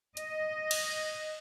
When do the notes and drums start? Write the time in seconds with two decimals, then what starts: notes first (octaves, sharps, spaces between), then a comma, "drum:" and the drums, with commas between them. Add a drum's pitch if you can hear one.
0.17 D#5, drum: hi-hat
0.71 drum: cymbal